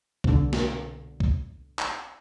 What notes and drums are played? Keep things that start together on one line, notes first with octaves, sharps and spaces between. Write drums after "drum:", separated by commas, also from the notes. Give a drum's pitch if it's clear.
C2 B2 D3, drum: kick C#2
drum: snare
drum: kick C#2
drum: clap